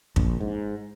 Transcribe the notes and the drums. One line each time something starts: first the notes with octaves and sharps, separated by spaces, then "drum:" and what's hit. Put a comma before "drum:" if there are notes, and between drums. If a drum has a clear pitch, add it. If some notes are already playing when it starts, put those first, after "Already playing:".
A#1, drum: kick
G#2